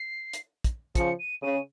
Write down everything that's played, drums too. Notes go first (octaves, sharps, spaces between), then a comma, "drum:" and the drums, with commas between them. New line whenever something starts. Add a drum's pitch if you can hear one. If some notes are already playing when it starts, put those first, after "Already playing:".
Already playing: C7
drum: hi-hat
drum: kick, hi-hat
C#3 F3 C#7, drum: kick, hi-hat
D#7
C#3 D#7